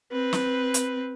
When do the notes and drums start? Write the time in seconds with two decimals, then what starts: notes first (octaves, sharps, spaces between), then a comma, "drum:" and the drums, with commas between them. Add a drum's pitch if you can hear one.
0.12 C4 B4
0.33 drum: snare
0.74 drum: hi-hat